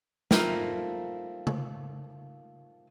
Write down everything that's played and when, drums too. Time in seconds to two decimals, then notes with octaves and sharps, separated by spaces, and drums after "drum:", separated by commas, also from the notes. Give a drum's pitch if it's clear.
0.31 G3 A3 A#3 C4 D#4 F4, drum: snare
1.47 drum: tom C#3